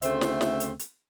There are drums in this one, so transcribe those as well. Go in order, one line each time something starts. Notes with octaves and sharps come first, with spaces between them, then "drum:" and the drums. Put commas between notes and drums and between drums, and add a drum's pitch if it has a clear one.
D2 C#3 A3 C4 C5 E5, drum: hi-hat
drum: snare
drum: snare
drum: hi-hat
drum: hi-hat